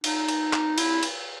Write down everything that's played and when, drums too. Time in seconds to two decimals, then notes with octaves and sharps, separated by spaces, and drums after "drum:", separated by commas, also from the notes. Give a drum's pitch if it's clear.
0.04 D#4, drum: cymbal
0.28 drum: cymbal
0.53 drum: clap
0.78 E4, drum: cymbal
1.03 drum: cymbal